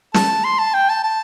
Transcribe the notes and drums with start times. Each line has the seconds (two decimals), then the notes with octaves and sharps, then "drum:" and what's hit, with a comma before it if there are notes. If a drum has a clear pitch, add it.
0.14 A5, drum: snare
0.44 C6
0.59 A5
0.74 G5
0.89 A5
1.04 A5